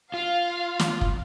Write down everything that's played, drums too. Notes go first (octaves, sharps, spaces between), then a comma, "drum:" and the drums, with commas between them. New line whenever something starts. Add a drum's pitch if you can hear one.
F4 F5
drum: snare
drum: kick